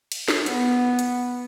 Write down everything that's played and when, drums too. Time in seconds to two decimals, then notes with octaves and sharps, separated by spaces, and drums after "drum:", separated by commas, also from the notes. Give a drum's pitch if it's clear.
0.12 drum: cymbal
0.28 drum: snare
0.46 B3, drum: hi-hat
0.99 drum: hi-hat